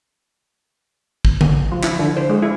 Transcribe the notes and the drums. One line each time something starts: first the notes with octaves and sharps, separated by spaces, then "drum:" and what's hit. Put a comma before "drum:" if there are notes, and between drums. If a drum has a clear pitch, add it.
drum: kick
drum: tom C#3
F3
E4, drum: clap
D3
C5
G#3
E4